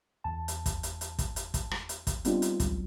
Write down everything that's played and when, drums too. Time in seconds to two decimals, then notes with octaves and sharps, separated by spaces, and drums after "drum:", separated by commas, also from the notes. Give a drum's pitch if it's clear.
0.24 E2 A5
0.48 drum: hi-hat
0.66 drum: kick, hi-hat
0.83 drum: hi-hat
1.01 drum: hi-hat
1.19 drum: kick, hi-hat
1.36 drum: hi-hat
1.54 drum: kick, hi-hat
1.71 drum: rim click
1.89 drum: hi-hat
2.07 drum: kick, hi-hat
2.25 G3 B3 C4 D4 D#4 F4, drum: hi-hat
2.42 drum: hi-hat
2.60 C#2 F#3, drum: kick, hi-hat